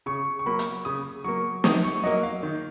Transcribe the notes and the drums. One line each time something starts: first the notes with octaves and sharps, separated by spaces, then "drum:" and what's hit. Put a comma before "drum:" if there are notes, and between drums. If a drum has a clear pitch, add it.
C#3 C#6
C#6
F#3 A#3 B5
drum: hi-hat
C#3 D#6
F#3 A#3 C#6
D#3 D#6, drum: snare
C#6
F#3 A#3 D#5
F5
D#3